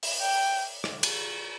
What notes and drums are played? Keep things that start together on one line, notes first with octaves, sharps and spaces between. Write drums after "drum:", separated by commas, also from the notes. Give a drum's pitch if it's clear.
drum: open hi-hat
G5
drum: rim click
drum: cymbal